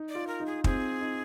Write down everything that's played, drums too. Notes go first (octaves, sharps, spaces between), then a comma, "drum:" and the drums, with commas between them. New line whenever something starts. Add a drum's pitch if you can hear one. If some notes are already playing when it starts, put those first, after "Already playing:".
Already playing: D#4
D5
F4
A#4
D#4
G#4
C4 G#4, drum: kick
D#4